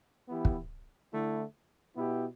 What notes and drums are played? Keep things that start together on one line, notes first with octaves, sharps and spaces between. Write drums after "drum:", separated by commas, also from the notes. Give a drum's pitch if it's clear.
E3 B3 E4 G4
drum: kick
D3 A3 E4
B2 B3 E4 G4